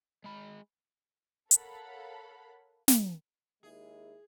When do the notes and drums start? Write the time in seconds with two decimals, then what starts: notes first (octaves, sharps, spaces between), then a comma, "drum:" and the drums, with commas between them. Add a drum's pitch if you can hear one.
0.24 G#3 B5
1.51 A4 A#4 C#5 F5 F#5 B5, drum: hi-hat
2.88 drum: snare
3.63 D#2 G#3 E4 G#4